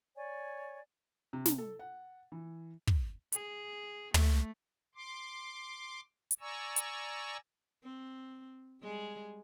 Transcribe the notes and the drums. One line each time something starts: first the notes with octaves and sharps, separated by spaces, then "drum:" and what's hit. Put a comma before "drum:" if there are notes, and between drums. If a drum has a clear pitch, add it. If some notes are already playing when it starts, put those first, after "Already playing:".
C#5 D5 G#5
C3
drum: snare
A4
F#5
E3
drum: kick
G#4, drum: hi-hat
A3, drum: tom
C6 D6
drum: hi-hat
D5 G#5 A#5 C#6 E6
drum: hi-hat
C4
G3 G#3 G#4